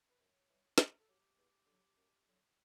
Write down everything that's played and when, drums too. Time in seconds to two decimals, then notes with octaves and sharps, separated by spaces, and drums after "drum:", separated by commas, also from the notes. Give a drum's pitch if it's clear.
0.09 B4
0.18 F#2 C#5
0.48 E3 G3
0.78 B2, drum: snare
0.99 A4
1.07 F#3 G4
1.37 E2
1.66 D3 F#3
1.96 F#2
2.26 D3 F#3